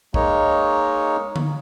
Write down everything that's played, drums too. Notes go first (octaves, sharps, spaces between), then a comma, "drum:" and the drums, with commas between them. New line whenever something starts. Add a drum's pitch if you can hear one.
G#3 A#3 D#4 C#5, drum: kick
drum: tom D3